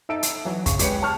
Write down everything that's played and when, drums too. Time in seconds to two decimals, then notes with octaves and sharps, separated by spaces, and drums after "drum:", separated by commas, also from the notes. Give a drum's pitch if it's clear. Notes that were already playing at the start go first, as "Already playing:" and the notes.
0.09 D#4 A4 E5 D7
0.23 drum: hi-hat
0.45 E3 F#3
0.66 C#3 C#6, drum: kick, hi-hat
0.79 G#3 G4 B4 C#5 C#7, drum: hi-hat
1.02 C#5 A5 C#6 F6